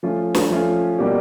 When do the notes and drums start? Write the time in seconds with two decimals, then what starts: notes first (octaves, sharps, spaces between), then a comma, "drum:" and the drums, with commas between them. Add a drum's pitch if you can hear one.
0.03 F3 A3 C#4 F4
0.35 drum: snare
0.50 F3 A3 C#4 F4
0.98 B2 G3 A#3 D4 G4